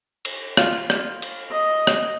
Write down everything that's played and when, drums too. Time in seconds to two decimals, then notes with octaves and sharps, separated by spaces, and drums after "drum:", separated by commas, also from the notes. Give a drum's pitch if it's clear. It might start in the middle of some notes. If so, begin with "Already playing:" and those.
0.25 drum: cymbal
0.57 F4, drum: rim click
0.90 drum: rim click
1.22 drum: cymbal
1.51 D#5
1.87 drum: rim click